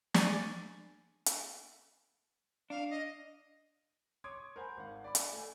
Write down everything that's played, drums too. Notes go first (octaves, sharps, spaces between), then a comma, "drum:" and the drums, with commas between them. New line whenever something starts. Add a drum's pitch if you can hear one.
D5 G#5 C#6, drum: snare
drum: hi-hat
D4 F5
D#5
C#5 C6 D6 D#6 G#6
A#4 C5 F#5 G#5 B5
G#1 F5 F#5
D5 B5 D6
drum: hi-hat
A3 G#5